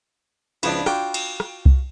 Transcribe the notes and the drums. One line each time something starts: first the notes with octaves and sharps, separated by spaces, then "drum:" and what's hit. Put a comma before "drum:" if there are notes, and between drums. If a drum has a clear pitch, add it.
C#2 F3 B3 D4 E4, drum: cymbal
F4 F#4 G5 D6, drum: rim click
drum: cymbal
drum: rim click
drum: kick C2